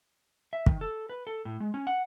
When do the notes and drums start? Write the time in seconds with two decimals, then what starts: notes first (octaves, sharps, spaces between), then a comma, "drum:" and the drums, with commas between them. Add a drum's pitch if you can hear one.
0.53 E5
0.66 D#3, drum: kick
0.81 A4
1.10 B4
1.27 A4
1.45 A2
1.60 G#3
1.74 C#4
1.87 F#5